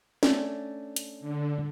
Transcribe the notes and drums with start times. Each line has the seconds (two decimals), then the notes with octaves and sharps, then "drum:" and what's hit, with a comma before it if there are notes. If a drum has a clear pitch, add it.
0.23 A3 C#4 D4, drum: snare
0.96 drum: hi-hat
1.20 D3